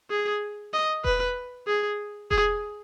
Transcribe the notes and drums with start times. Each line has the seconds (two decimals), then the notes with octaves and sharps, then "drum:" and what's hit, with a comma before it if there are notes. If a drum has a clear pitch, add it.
0.10 G#4
0.74 D#5
1.05 B4, drum: kick E1
1.67 G#4
2.31 G#4, drum: kick E1